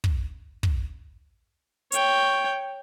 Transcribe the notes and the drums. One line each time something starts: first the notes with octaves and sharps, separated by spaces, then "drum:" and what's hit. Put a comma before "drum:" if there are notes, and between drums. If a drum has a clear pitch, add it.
drum: kick
drum: kick
C#5 G5, drum: hi-hat